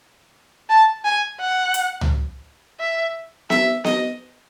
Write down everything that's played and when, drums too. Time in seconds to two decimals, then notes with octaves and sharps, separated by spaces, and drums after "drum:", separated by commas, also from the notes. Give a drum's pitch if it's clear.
0.69 A5
1.04 G#5
1.40 F#5
1.74 drum: hi-hat
2.01 drum: tom C#2
2.80 E5
3.50 E5, drum: snare B3
3.84 D#5, drum: snare B3